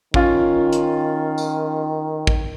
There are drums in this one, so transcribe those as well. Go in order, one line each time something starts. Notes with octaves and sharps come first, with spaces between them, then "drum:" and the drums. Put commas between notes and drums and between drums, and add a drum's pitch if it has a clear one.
D#3 C#4 F4, drum: kick
drum: hi-hat
drum: tambourine
drum: kick